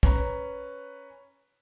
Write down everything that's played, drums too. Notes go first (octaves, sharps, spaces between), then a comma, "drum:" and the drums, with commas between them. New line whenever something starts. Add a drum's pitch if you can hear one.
C#4 B4 A#5, drum: kick